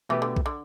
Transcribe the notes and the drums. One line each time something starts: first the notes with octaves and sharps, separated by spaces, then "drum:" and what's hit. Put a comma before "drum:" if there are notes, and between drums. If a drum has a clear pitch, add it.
B2 E3 A3 G4 B4
D3
drum: kick B1
D3